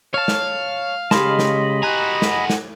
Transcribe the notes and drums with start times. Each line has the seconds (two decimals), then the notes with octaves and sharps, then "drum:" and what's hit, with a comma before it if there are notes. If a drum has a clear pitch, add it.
0.14 C#5 F5 A5
0.28 drum: snare
1.11 C#3 G#3 G4 D#5 A5 B5 C6, drum: snare
1.39 drum: snare
1.83 F#4 G#4 A#5 F#6
2.22 drum: snare
2.50 drum: snare